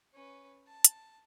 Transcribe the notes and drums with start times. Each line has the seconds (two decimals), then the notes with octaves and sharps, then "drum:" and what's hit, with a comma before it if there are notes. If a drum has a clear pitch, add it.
0.14 C#4 B4
0.67 A5
0.84 drum: hi-hat